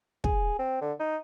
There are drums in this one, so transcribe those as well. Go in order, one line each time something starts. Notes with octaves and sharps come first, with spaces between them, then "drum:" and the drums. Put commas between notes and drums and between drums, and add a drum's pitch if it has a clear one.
G#4, drum: kick
C4
D3
D#4